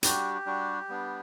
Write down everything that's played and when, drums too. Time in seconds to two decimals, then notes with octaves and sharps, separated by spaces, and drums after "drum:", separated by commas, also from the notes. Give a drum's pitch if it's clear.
0.03 G3 D4 F#4 G4, drum: hi-hat
0.46 G3 D4 F#4
0.89 G3 B3 D4